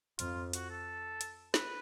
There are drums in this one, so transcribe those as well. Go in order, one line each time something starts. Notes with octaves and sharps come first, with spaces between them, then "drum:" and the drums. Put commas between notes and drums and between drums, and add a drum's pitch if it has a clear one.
F2 F4, drum: hi-hat
F#4, drum: hi-hat
A4
drum: hi-hat
B4, drum: snare